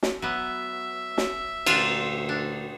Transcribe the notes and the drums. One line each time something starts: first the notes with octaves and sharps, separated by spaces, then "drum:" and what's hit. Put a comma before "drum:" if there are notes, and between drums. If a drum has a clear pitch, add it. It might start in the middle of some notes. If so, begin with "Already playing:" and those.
drum: snare
F#3 B3 E5
drum: snare
D2 A#2 D4 F4, drum: cymbal
D4